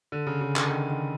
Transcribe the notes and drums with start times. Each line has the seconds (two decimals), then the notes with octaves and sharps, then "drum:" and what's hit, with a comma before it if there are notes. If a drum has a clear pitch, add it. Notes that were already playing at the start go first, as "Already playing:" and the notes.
0.12 D3
0.27 C#3
0.41 C#3
0.56 D3, drum: clap
0.71 D#3
0.90 D#3